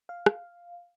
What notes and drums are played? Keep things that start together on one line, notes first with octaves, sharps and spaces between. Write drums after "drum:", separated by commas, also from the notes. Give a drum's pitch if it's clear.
F5
drum: rim click